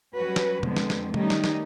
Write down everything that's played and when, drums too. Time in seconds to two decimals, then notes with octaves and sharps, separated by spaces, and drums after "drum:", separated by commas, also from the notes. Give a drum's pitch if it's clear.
0.14 F#3 G3 C#4 F#4 B4
0.36 drum: snare
0.63 F2 D3 G#3 B3 C4, drum: tom B2
0.76 drum: snare
0.90 drum: snare
1.14 D#3 G3 A3 C#4 D#4, drum: tom
1.30 drum: snare
1.44 drum: snare